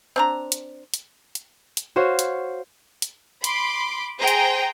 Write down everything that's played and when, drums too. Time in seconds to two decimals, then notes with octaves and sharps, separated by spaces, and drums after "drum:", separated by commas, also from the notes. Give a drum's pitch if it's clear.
0.16 C4 D4 A#5
0.52 drum: hi-hat
0.94 drum: hi-hat
1.35 drum: hi-hat
1.77 drum: hi-hat
1.96 F#4 C5 C#5 F5
2.19 drum: hi-hat
3.02 drum: hi-hat
3.44 B5 C6 D6, drum: hi-hat
4.19 G#4 C5 G5 A#5
4.28 drum: hi-hat